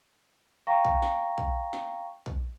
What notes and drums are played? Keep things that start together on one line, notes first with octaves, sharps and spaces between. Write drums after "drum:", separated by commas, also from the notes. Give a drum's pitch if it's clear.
F5 G5 A#5 C#6 A#6
drum: kick
drum: snare
drum: kick
drum: snare
drum: kick